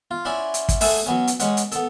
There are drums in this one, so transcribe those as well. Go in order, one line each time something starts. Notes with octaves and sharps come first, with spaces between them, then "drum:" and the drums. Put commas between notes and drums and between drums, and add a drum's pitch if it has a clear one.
F4
C#4 E4 D5 F#5 C6
drum: hi-hat
drum: kick, hi-hat
A3 E4 G#4 A4 E5 F#5, drum: open hi-hat
F#3 B3 C#4
drum: hi-hat
G#3 C#4 B4 F#5, drum: hi-hat
drum: hi-hat
B3 A4, drum: hi-hat